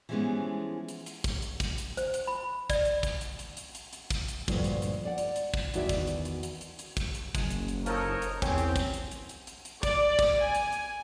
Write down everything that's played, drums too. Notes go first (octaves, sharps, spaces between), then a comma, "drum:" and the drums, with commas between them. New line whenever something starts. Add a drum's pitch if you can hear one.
E3 F3 G3 G#3 B3 C#4
drum: hi-hat
drum: hi-hat
drum: kick, hi-hat
drum: hi-hat
drum: kick, hi-hat
drum: hi-hat
C5, drum: hi-hat
drum: hi-hat
B5
D5, drum: kick, hi-hat
drum: hi-hat
drum: kick, hi-hat
drum: hi-hat
drum: hi-hat
drum: hi-hat
drum: hi-hat
drum: hi-hat
drum: kick, hi-hat
drum: hi-hat
D2 G2 A#2 F3, drum: kick, hi-hat
drum: hi-hat
drum: hi-hat
D5 F#5
drum: hi-hat
drum: hi-hat
drum: kick
E2 D#3 F#4 D5 E5, drum: hi-hat
drum: kick, hi-hat
drum: hi-hat
drum: hi-hat
drum: hi-hat
drum: hi-hat
drum: hi-hat
drum: kick, hi-hat
drum: hi-hat
F#1 G#3, drum: kick, hi-hat
drum: hi-hat
drum: hi-hat
F3 D#4 A4 A#4 C#5, drum: hi-hat
drum: hi-hat
E2 C4 C#4 G4, drum: kick, hi-hat
drum: hi-hat
drum: kick, hi-hat
drum: hi-hat
drum: hi-hat
drum: hi-hat
drum: hi-hat
drum: hi-hat
D5, drum: kick, hi-hat
drum: kick, hi-hat
G#5
drum: hi-hat
drum: hi-hat